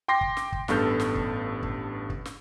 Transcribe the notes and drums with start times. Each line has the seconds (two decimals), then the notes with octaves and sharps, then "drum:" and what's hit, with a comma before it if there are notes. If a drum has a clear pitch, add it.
0.08 G5 C6 D6 A#6 C7
0.21 drum: kick
0.37 drum: snare
0.52 drum: kick
0.68 A1 G2 B3 A4 F6 G6, drum: snare
1.00 drum: snare
1.15 drum: kick
1.63 drum: kick
2.10 drum: kick
2.25 drum: snare